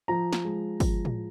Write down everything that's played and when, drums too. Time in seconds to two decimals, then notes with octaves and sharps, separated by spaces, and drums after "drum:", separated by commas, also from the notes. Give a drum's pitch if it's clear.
0.08 F3 A#5
0.33 drum: snare
0.45 G#3
0.80 F3, drum: kick, open hi-hat
1.05 drum: tom A2